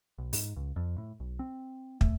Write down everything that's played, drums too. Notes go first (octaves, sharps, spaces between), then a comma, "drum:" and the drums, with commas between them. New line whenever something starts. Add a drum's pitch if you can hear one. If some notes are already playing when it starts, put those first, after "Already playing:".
B1
G#2, drum: open hi-hat
C#2
F2
A2
B1
C4
A3, drum: kick